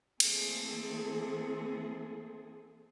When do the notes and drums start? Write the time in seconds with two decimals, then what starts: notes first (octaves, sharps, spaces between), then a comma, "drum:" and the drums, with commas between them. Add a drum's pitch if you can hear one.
0.20 E3 A3 A#3 C4 G#4 A4, drum: cymbal